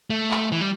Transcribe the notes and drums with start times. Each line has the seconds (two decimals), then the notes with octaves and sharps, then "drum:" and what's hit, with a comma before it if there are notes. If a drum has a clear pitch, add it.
0.10 A3
0.31 drum: clap
0.52 E3
0.61 G3